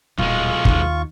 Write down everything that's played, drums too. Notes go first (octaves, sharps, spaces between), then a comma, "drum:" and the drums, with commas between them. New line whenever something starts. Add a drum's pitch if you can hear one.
D#1 B1 G#3 F4 C#6
D#2 D#3, drum: kick